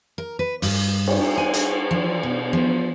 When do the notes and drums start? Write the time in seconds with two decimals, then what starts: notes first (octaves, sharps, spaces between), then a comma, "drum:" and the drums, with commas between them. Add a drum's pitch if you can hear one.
0.18 A#4
0.39 B4
0.62 G2, drum: open hi-hat
1.07 drum: cymbal
1.37 G#5
1.53 drum: hi-hat
1.91 F3
2.23 B2
2.53 F3